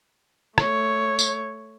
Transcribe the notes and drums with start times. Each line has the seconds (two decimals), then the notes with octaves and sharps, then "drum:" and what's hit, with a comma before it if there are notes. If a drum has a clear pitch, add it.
0.58 A3 C#5, drum: rim click
1.19 drum: tambourine